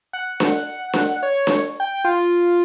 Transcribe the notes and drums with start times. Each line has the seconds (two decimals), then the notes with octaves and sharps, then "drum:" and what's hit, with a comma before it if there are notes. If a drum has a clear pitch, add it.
0.13 F#5
0.40 drum: snare D4
0.93 drum: snare D4
1.23 C#5
1.47 drum: snare D4
1.80 G5
2.05 F4